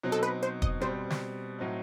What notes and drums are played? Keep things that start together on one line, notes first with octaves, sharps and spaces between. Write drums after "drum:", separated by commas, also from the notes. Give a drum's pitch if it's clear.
B2 F#3 C4 D#4
A4
B4
C5
D#5, drum: kick
B2 G3 C4 C5
drum: snare
A2 F#3 C4 D#4